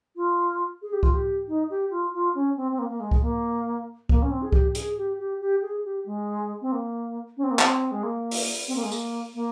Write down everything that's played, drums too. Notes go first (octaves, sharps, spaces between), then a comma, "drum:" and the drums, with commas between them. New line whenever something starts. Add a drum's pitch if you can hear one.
F4
G#4
G4
F4, drum: kick C#2
G4
D#4
G4
F4
F4
C#4
C4
C4
A#3
A#3
G#3
drum: kick C#2
A#3
A#3, drum: kick C#2
C#4
C4
G#4
G4, drum: kick C#2
G#4, drum: hi-hat
G4
G4
G4
G#4
G4
G#3
C4
A#3
C#4
C4
A#3
C4, drum: clap
G#3
A#3
drum: open hi-hat
C4
A#3
G#3
A#3, drum: tambourine
A#3